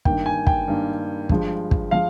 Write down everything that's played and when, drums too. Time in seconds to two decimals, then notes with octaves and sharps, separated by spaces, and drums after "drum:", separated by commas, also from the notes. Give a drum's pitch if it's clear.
0.05 G2 D#3 A#3 G5, drum: kick
0.26 G#5
0.47 G5, drum: kick
0.68 G2 D#3 A#3
1.29 G2 F3 G#3, drum: kick
1.71 drum: kick
1.91 F3 G#3 F5